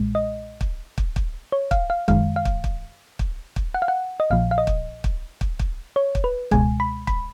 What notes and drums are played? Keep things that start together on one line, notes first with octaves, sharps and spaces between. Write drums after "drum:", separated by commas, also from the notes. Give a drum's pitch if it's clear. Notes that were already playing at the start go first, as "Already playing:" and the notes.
Already playing: B1 A#2 G#3
D#5
drum: kick
drum: kick
drum: kick
C#5
F5, drum: kick
F5
F#2 D#3 G#3 F5, drum: kick
F5
drum: kick
drum: kick
drum: kick
drum: kick
F#5
F5
F#5
D#5
A#1 A#2 F3 F5
F5
D#5
drum: kick
drum: kick
drum: kick
drum: kick
C#5
drum: kick
B4
C#2 B2 G#3 G#5, drum: kick
B5
B5, drum: kick